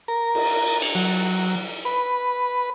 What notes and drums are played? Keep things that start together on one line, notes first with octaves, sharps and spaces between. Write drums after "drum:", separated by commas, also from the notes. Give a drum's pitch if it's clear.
A#4
drum: cymbal
drum: cymbal
F#3
B4